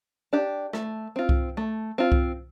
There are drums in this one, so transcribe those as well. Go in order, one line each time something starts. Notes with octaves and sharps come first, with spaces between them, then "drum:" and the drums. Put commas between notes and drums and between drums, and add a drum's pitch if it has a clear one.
D4 G4
A3, drum: rim click
C4 F4
drum: kick C2
A3
C4 F4
drum: kick C2